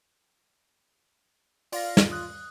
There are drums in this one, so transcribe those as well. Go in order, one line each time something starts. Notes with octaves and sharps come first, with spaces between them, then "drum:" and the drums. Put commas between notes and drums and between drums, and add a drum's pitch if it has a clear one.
F4 D5 F5 A#6, drum: open hi-hat
drum: snare
D#6 F#6